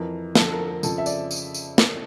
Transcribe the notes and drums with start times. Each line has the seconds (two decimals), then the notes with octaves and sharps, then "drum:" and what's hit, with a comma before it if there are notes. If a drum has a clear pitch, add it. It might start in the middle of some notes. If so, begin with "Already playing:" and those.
Already playing: F2 E3 A#4
0.35 F2 D3 F3 A4, drum: snare
0.52 A#4
0.68 A#4
0.83 F2 C#3 F3 A4, drum: tambourine
0.98 E5
1.06 D5, drum: tambourine
1.31 drum: tambourine
1.54 drum: tambourine
1.78 drum: snare